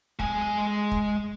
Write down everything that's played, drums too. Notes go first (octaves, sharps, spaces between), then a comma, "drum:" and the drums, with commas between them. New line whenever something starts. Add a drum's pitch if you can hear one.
G#3 G#5, drum: kick
drum: kick